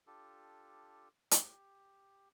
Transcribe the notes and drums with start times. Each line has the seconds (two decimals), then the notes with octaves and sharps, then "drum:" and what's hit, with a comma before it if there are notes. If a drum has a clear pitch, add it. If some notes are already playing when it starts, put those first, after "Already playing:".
0.07 D4 F4 G4 A4
1.31 G4, drum: hi-hat